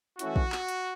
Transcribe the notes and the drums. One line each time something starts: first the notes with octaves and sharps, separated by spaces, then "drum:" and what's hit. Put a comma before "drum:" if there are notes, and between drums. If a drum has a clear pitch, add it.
E3 A3 C#4 E4 F#4, drum: hi-hat
drum: kick A#1
drum: clap
drum: hi-hat